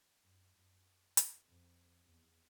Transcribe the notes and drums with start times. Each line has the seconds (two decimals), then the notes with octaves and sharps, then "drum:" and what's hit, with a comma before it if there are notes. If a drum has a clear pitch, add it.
0.21 F#2
0.53 F#2
1.17 drum: hi-hat
1.45 F2
2.06 E2